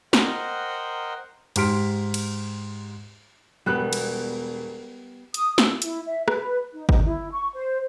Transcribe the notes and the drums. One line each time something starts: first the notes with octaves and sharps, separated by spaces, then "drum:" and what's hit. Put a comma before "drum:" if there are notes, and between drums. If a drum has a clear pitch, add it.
A#4 C5 D#5 F#5 G5, drum: snare
G#2 G4 C6 F6 B6 D7, drum: cymbal
drum: cymbal
E1 G3 B3 F#6
drum: cymbal
D#6, drum: hi-hat
E6, drum: snare
E4, drum: hi-hat
E5
B4, drum: rim click
D#4
D#4, drum: kick
E4
C#6
C5